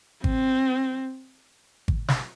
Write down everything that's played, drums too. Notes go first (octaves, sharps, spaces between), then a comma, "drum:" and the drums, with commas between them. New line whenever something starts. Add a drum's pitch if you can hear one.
C4, drum: kick G#1
drum: kick G#1
drum: snare